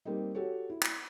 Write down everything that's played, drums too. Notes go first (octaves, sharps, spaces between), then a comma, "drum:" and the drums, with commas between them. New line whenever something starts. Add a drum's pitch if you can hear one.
G3 A#3 C4 D#4
F#4 G4 A4 C#5
E4
drum: clap